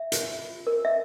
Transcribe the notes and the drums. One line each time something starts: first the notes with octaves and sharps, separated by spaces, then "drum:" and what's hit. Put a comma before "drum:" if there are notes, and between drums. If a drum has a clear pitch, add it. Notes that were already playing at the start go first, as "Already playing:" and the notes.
Already playing: E5
A#4, drum: hi-hat
F4
A#4
E5